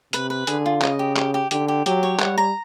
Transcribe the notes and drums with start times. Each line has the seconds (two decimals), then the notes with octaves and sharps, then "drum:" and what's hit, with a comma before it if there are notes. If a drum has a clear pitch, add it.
0.13 C3 B4, drum: hi-hat
0.30 B4
0.47 D3 G#4, drum: hi-hat
0.66 F4
0.82 C#3 D#5, drum: clap
0.99 G4
1.16 G4, drum: clap
1.34 G4
1.51 D3 G4, drum: hi-hat
1.68 G4
1.86 F#3 G4, drum: hi-hat
2.03 C#5
2.20 G3 F#5, drum: clap
2.38 A#5